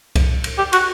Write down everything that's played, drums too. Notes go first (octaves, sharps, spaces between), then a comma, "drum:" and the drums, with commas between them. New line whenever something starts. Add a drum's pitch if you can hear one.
drum: kick C2, cymbal
drum: cymbal
G4
F#4, drum: cymbal